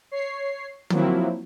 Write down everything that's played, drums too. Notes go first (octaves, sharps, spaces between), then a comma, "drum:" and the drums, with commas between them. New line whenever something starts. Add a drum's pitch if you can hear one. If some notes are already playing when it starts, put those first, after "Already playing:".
C#5 C7
F3 F#3 A#3 C4 E4, drum: tom